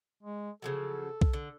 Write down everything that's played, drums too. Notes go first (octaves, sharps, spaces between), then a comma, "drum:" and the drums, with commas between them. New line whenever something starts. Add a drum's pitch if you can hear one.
G#3
C#3 F3 F#3 A4
drum: kick B1
D3